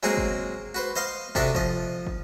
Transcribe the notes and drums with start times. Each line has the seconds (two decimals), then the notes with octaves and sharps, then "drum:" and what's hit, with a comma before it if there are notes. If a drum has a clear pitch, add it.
0.03 F#3 G#3 A#3 C4 F#4 G#4
0.17 drum: kick
0.75 F#4 B4 C5
0.96 C5 D#5 F5 C6
1.35 C3 D4 F#4 A4 D#5 E5, drum: kick
1.55 F3 D#5, drum: kick
2.07 drum: kick